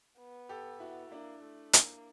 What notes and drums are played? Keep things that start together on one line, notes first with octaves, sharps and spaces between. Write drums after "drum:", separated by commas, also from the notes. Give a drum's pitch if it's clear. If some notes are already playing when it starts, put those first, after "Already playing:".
B3
G4 A4
E4 F#4
A#3 D4 E4
A3
A#3, drum: hi-hat